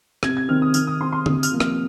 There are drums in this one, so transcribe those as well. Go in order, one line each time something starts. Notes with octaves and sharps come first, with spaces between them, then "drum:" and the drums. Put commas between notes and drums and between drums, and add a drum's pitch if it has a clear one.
C3 G#6, drum: rim click
G#6
D#3 C4 F6
D#6
D#3 F6, drum: tambourine
D#6
C4 C6
C6
C3 D#6, drum: tom D3
F6, drum: tambourine
F3 A#3
F6, drum: rim click